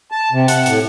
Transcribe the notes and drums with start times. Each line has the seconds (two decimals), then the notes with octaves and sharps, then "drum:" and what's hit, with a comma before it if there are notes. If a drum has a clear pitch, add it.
0.12 A5
0.32 C3
0.48 F#5, drum: hi-hat
0.66 A2, drum: hi-hat